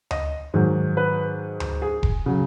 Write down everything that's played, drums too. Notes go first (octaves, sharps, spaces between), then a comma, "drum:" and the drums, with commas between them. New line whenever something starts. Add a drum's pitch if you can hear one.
D#5, drum: tom D2
G#2 D#3 F#3
B4
drum: tom D2
G#4
drum: kick E1
C#3 F#3